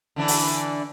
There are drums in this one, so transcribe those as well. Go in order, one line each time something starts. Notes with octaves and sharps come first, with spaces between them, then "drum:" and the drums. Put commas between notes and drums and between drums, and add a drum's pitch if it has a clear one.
D3 E3 D4
drum: open hi-hat